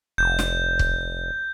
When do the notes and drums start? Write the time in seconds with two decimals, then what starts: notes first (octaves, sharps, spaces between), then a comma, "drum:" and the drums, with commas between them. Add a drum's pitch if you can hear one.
0.18 F1 G6
0.39 drum: snare
0.79 drum: kick